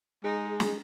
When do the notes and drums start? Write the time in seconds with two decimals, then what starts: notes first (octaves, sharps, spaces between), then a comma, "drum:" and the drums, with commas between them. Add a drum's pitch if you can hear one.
0.24 G#3 D#4 G#4
0.60 drum: snare